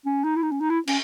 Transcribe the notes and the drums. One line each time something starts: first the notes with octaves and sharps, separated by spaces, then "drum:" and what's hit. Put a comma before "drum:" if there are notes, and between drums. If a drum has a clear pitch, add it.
C#4
D#4
E4
D#4
C#4
D#4
E4
C#4, drum: cymbal